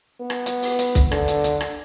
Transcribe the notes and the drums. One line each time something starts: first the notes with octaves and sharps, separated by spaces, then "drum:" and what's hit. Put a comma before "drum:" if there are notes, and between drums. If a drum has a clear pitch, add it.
B3
drum: rim click
drum: hi-hat
drum: open hi-hat
drum: hi-hat
drum: kick, hi-hat
D3, drum: rim click
drum: hi-hat
drum: hi-hat
drum: rim click